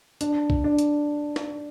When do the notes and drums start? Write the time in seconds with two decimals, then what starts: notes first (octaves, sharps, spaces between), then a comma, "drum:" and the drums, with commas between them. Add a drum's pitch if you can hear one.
0.21 D4, drum: hi-hat
0.50 drum: kick
0.64 D4
0.79 drum: hi-hat
1.36 drum: snare